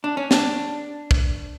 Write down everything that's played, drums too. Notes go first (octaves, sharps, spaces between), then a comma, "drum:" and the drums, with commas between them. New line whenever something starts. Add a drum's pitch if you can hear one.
D4
C#4
D4, drum: snare
drum: kick